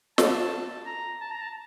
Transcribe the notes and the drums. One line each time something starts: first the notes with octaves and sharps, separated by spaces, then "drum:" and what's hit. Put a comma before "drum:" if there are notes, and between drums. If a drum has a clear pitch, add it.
A5, drum: snare
A#5
A5
A#5
A5